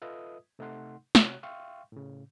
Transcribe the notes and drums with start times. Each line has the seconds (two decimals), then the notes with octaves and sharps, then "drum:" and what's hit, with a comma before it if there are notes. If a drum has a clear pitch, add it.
0.02 F4 A4 B4 D#5 E5 D#6
0.59 C3 A3 D#4 F#5 C6
1.15 C3 F#4 C#5 F#6, drum: snare
1.43 E5 F5 G5 C6 C#6
1.92 A2 C#3